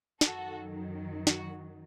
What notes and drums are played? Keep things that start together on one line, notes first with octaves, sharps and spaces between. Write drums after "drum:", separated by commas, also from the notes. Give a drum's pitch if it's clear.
F#2 D#3 F#3 F#4 A4, drum: snare
F#4, drum: snare